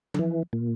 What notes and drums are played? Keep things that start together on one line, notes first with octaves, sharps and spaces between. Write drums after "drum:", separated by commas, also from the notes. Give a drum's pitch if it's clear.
D3, drum: tom F3
E3
A#2